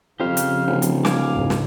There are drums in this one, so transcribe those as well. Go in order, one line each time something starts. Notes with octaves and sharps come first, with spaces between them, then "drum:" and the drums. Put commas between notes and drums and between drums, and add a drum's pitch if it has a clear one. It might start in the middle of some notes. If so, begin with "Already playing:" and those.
F2 C#3 F3 G4 C5 F5
drum: hi-hat
D1
drum: hi-hat
F5 G#5 D6, drum: snare
C#2 G#2
drum: snare